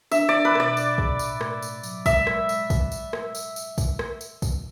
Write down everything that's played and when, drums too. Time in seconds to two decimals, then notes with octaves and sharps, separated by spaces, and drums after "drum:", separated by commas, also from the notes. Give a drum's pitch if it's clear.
0.11 D4 E5, drum: tambourine
0.29 D4 D5
0.45 B4
0.55 B2 D5, drum: rim click
0.77 D4, drum: tambourine
0.98 G#4, drum: kick
1.19 A2, drum: tambourine
1.41 A3, drum: rim click
1.62 A3, drum: tambourine
1.83 F#3, drum: tambourine
2.06 G#3 E5, drum: kick, tambourine
2.27 G#3, drum: rim click
2.49 G#3, drum: tambourine
2.70 drum: kick, tambourine
2.92 drum: tambourine
3.13 drum: rim click
3.35 drum: tambourine
3.56 drum: tambourine
3.78 drum: kick, tambourine
3.99 drum: rim click
4.21 drum: tambourine
4.42 drum: kick, tambourine